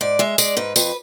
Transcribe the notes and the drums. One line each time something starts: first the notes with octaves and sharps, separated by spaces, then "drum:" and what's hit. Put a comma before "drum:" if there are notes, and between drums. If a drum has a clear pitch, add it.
G#2 D5
G#3 E5
G#3 D5, drum: tambourine
G#2 B4
F2 B4, drum: tambourine